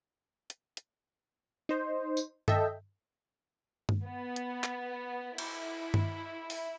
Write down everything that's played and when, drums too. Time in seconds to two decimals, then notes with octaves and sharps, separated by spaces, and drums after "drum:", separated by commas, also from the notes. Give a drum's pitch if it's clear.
0.50 drum: hi-hat
0.77 drum: hi-hat
1.69 D#4 C5
2.17 drum: tambourine
2.48 A4 D#5 E5 G5, drum: tom G2
3.89 drum: tom G2
4.06 B3
4.36 drum: hi-hat
4.64 drum: clap
5.38 E4, drum: cymbal
5.94 drum: tom G2
6.50 drum: open hi-hat